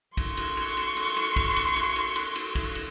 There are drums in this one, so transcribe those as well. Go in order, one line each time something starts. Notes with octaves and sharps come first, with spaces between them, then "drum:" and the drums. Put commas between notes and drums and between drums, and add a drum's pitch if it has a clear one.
C6 C#6, drum: kick, cymbal
drum: cymbal
drum: cymbal
drum: cymbal
drum: cymbal
drum: cymbal
drum: kick, cymbal
drum: cymbal
drum: cymbal
drum: cymbal
drum: cymbal
drum: cymbal
drum: kick, cymbal
drum: cymbal